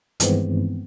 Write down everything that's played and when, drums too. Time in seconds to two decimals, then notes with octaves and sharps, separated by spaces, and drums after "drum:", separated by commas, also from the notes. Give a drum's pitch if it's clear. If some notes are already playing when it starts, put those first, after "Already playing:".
0.20 G2 D#3 E3 G#3 B3 C4, drum: hi-hat